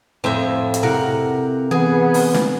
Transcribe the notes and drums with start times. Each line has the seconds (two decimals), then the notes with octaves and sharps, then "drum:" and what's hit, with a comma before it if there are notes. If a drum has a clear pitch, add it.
0.24 F2 A2 C5 E5
0.74 drum: hi-hat
0.83 C3 E4 A4 A#4 F#5
1.71 E3 B3 G#4
2.14 drum: open hi-hat
2.34 drum: snare